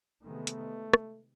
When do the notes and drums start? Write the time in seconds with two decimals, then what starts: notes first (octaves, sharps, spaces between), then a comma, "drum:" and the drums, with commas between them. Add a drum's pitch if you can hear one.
0.24 C3 D#3 G#3 A3 B3
0.47 drum: hi-hat
0.93 drum: rim click